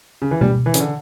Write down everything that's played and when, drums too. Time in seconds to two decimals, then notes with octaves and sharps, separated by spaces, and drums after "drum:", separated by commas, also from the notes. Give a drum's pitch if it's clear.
0.22 C#3
0.31 E3
0.41 G3, drum: tom B2
0.66 E3
0.74 C#3, drum: hi-hat
0.80 D3